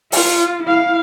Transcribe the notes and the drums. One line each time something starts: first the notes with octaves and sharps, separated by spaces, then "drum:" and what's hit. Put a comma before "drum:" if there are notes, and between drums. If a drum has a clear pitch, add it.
F4, drum: open hi-hat
E4 F5